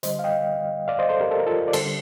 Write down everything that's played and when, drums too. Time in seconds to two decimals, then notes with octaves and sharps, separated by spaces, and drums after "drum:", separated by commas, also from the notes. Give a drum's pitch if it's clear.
0.03 D3 G3 C5 D#5, drum: hi-hat
0.19 F5
0.24 D#5 G5
0.88 D5 F5
0.99 C5 D#5
1.09 A4 C5
1.20 G4 A#4
1.31 A4
1.39 A#4
1.46 F4 A4
1.68 D5
1.73 D3 G3 A4 C5, drum: cymbal